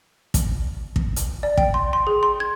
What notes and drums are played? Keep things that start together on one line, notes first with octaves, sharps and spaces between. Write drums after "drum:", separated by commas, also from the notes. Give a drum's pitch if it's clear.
drum: kick, hi-hat
drum: kick
drum: hi-hat
D5
G5, drum: kick
C6
C6
G#4
C6
G#6